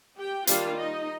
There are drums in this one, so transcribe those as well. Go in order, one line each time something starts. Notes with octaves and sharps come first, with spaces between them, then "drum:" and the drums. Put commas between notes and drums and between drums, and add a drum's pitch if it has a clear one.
G4 G5
D#3 G3 A#3 D4 F4 F5, drum: hi-hat
D#4 D#5